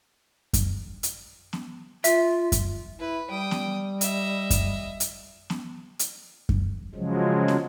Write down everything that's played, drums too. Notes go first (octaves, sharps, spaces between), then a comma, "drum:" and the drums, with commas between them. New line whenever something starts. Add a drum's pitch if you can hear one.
drum: kick F#2, hi-hat
drum: hi-hat
drum: snare
F4 E5, drum: hi-hat
drum: kick F#2, hi-hat
E4 B4
G3 G5 D#6
drum: snare
D#5 E5, drum: hi-hat
drum: kick F#2, hi-hat
drum: hi-hat
drum: snare
drum: hi-hat
drum: kick F#2
C#3 F3 F#3 G#3
drum: snare